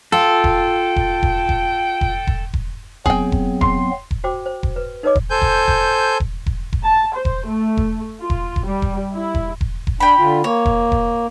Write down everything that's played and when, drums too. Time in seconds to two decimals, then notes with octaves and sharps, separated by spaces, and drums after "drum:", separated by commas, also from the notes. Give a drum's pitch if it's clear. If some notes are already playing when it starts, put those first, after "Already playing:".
0.12 F4 A4 G5
0.44 drum: kick E1
0.96 drum: kick E1
1.23 drum: kick E1
1.49 drum: kick E1
2.01 drum: kick E1
2.27 drum: kick E1
2.54 drum: kick E1
3.06 F#3 B3 C4 G#4 G5, drum: kick E1
3.32 drum: kick E1
3.61 C6, drum: kick E1
4.11 drum: kick E1
4.24 F#4 C5 G5 D6
4.46 C5
4.63 drum: kick E1
4.76 B4
5.03 D#4 A#4 B4 C#5 D#5 D6
5.15 drum: kick E1
5.30 A4 C5 G#5 G6
5.42 drum: kick E1
5.68 drum: kick E1
6.20 drum: kick E1
6.46 drum: kick E1
6.73 drum: kick E1
6.84 A5
7.15 C5
7.25 drum: kick E1
7.46 A3
7.77 drum: kick E1
8.20 F4
8.30 drum: kick E1
8.56 drum: kick E1
8.65 G3
8.82 drum: kick E1
9.14 E4
9.35 drum: kick E1
9.61 drum: kick E1
9.87 drum: kick E1
10.00 D4 G5 B5
10.19 D3 F4
10.44 A#3 C#5
10.65 drum: kick E1
10.92 drum: kick E1